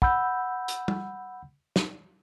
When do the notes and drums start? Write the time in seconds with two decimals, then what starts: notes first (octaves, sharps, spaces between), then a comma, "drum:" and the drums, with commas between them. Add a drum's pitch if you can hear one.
0.02 F#5 B5 E6 G6, drum: kick
0.68 drum: hi-hat
0.88 drum: tom
1.76 drum: snare